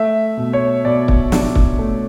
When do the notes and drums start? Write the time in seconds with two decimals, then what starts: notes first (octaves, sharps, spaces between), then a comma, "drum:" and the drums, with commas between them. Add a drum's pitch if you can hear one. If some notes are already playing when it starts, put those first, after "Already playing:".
Already playing: A3 E5
0.37 B2
0.53 C#5
0.85 B2 D5
1.08 drum: kick
1.32 D4, drum: snare
1.55 drum: kick
1.79 A3